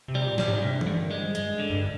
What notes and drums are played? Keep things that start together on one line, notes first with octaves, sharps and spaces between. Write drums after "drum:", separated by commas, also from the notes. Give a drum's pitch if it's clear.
C3
G3
A#2
A#2 G3, drum: snare
G#2
G2 C3
D3, drum: tom E3
G2
D#3
G3 G#3
F3
G2 G#3, drum: hi-hat
D3
G2